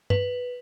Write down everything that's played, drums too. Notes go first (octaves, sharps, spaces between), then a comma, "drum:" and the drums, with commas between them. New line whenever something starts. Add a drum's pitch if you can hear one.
B4, drum: tom G2